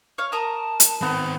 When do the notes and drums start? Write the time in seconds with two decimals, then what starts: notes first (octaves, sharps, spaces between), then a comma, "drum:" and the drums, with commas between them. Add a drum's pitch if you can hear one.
0.18 C#5 F5
0.32 A#4 A5 A#5 D#6
0.80 drum: hi-hat
1.02 D#3 B3 C4